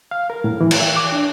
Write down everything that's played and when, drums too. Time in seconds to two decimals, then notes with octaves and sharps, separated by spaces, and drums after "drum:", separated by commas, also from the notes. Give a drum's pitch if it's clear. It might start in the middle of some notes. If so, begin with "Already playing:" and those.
0.11 F5
0.30 A#4
0.44 A2
0.61 E3
0.71 drum: cymbal
0.80 E5
0.96 D6
1.12 D4